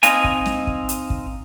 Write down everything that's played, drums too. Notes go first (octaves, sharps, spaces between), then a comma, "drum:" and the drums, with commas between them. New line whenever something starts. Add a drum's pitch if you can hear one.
C4 D#4 D#5 F5 G#5, drum: hi-hat
drum: kick
drum: snare
drum: kick
drum: hi-hat
drum: kick